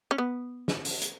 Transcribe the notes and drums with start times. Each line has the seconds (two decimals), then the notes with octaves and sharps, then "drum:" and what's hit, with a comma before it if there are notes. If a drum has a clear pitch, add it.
0.11 C#4
0.18 B3
0.68 drum: snare
0.85 drum: open hi-hat
1.02 drum: hi-hat